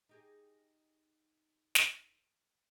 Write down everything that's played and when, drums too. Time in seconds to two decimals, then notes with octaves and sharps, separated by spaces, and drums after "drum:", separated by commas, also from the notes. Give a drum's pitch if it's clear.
0.09 D#4 G4 G#4
1.75 drum: snare